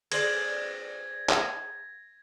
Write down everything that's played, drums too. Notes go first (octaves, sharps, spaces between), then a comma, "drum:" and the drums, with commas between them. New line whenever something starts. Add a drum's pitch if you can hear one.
G#4 C5 D5 G#6 A#6, drum: cymbal
drum: clap